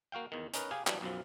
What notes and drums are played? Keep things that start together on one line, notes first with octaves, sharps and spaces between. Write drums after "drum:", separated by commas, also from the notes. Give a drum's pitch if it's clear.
A#3 F#4 F5 G5
E2 D#3
C#4 D#4 A#4 B4, drum: hi-hat
G4 G#4 F5 G#5
E3 F#3 G3 D4, drum: clap
B1 F#2 F3